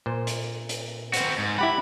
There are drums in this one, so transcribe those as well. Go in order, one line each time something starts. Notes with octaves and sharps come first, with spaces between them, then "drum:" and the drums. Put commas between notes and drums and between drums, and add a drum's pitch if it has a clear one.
A#2 C5
drum: hi-hat
drum: hi-hat
C4 F#4, drum: hi-hat
G#2
E4 G4 F#5 B5